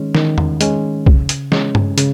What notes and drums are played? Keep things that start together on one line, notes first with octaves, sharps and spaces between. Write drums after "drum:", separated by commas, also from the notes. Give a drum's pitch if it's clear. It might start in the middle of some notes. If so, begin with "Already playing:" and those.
Already playing: D#3 G#3 C#4
D#3, drum: snare
drum: tom
G#3 C#4, drum: hi-hat
C#3, drum: kick
drum: hi-hat
G#3 C#4, drum: snare
drum: tom G2
C#3, drum: hi-hat